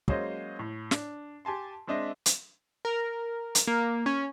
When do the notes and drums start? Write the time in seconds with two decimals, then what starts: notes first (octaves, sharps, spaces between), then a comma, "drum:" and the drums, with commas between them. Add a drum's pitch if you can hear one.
0.08 F#3 G#3 A#3 C#4 C5 D#5, drum: kick
0.59 A2
0.91 D4, drum: snare
1.45 G4 G#5 A5 C6
1.87 G#3 C4 D4 D#5 E5
2.26 drum: hi-hat
2.85 A#4
3.55 drum: hi-hat
3.67 A#3
4.06 C#4